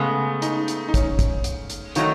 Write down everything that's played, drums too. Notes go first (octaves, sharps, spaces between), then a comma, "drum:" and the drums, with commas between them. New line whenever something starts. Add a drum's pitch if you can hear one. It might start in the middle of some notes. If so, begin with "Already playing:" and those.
Already playing: C#3 G#3 A3 B3
D#4, drum: hi-hat
drum: hi-hat
D#4
C#4, drum: kick, hi-hat
drum: kick, hi-hat
drum: hi-hat
drum: hi-hat
D#3 F#3 A3 C#4 D#4, drum: hi-hat